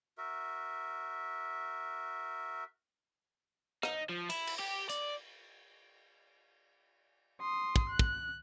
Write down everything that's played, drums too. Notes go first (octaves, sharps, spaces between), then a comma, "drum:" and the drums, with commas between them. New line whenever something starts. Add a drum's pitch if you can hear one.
F#4 A#4 E5
D#4, drum: rim click
F3
E4, drum: cymbal
drum: cymbal
G4
D5, drum: hi-hat
C6 D#6
drum: kick
F#6
drum: kick